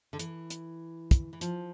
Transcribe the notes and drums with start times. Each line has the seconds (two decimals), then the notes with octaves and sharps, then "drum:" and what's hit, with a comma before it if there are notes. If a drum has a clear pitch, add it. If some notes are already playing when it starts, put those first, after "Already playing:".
0.13 D3
0.19 E3, drum: hi-hat
0.50 drum: hi-hat
1.11 drum: kick, hi-hat
1.33 E3
1.41 F3, drum: hi-hat